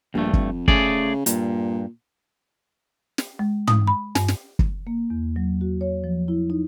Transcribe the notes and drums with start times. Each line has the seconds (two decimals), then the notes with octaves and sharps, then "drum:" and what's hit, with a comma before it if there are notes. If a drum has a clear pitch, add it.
0.14 A#1 G2 A3
0.33 F2, drum: kick
0.68 C#3 A3 G#4 D5, drum: kick
1.26 G2 A#2, drum: hi-hat
3.18 drum: snare
3.39 G#3
3.68 D#6, drum: tom
3.87 B5
4.15 G2, drum: snare
4.28 drum: snare
4.59 drum: kick
4.87 A#3
5.10 E2
5.36 F#3
5.61 F#4
5.81 C#5
6.04 F3
6.28 E4
6.50 D#4